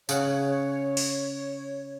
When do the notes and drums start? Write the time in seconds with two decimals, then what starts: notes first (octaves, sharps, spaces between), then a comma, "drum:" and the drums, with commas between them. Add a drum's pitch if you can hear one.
0.09 C#3 C#5 F#5, drum: tambourine
0.97 drum: open hi-hat